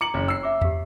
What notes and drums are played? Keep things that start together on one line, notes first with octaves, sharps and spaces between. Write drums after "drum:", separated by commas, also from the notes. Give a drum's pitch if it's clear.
A#5 D6 C#7 F#7
F#1 C#5 F5
E6 C7
E5 D6
G4 F5, drum: tom E2